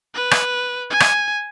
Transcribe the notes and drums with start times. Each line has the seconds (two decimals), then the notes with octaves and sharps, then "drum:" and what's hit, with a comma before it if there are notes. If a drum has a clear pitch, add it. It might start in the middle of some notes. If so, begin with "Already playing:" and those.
0.14 B4
0.31 drum: rim click
0.90 G#5
1.00 drum: rim click